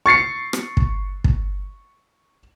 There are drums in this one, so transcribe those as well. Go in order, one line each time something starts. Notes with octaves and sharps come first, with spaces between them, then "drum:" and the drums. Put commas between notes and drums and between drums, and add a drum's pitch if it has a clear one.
C#6 A6 C7 C#7
drum: rim click
drum: kick
drum: kick